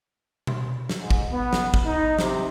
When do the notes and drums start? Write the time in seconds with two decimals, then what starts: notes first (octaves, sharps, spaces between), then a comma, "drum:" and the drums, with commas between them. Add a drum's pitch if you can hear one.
0.47 drum: tom B2
0.89 drum: snare
0.99 G#2
1.11 drum: kick G#1
1.32 B3
1.53 drum: snare
1.74 drum: kick G#1
1.86 D#4
2.19 C3, drum: snare